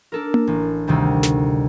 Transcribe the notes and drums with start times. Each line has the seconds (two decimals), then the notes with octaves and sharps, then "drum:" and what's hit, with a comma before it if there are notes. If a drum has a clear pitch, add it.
0.12 D4 A4 A#4
0.34 drum: tom A#3
0.47 A1
0.87 D2 C3 D#3 G3
1.23 drum: snare